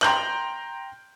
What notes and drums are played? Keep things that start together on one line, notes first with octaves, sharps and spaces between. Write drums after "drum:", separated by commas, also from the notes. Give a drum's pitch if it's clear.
G5 A#5 C6 G6 F#7, drum: clap